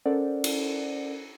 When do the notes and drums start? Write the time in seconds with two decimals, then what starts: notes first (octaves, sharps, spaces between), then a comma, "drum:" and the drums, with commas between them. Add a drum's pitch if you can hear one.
0.06 C#4 A4 A#4 C5 D5 F#5
0.44 drum: cymbal